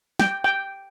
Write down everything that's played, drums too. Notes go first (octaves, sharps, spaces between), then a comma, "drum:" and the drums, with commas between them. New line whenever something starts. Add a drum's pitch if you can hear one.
G5, drum: snare
G5